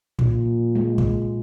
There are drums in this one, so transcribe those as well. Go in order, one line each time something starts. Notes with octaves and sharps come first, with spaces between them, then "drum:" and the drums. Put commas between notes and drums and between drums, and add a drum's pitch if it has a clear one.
A#2, drum: kick
G#3
drum: kick